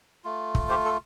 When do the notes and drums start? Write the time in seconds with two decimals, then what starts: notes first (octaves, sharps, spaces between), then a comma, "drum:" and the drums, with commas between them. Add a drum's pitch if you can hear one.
0.24 A3 F4
0.55 drum: kick
0.69 G4 C5
0.85 A4